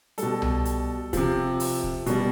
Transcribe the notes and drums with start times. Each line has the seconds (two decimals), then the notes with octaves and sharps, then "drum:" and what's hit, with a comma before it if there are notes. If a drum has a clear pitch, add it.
0.18 B2 G3 A4, drum: hi-hat
0.42 drum: tom C2
0.65 drum: hi-hat
1.13 C3 F3, drum: kick, hi-hat
1.60 drum: open hi-hat
1.83 drum: kick
2.06 B2 G3, drum: hi-hat